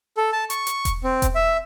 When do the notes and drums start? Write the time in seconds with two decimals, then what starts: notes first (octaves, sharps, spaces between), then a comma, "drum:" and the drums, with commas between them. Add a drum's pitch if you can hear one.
0.17 A4
0.33 A5
0.50 C#6, drum: hi-hat
0.67 drum: hi-hat
0.85 drum: kick E1, hi-hat
1.04 C4
1.22 drum: kick E1, hi-hat
1.35 E5